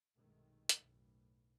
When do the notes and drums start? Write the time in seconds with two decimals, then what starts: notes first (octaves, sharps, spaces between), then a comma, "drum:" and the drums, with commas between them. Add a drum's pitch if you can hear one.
0.17 B1 G2 C3 D#3 G#3 A3
0.69 drum: hi-hat
0.80 B1 F#2 A2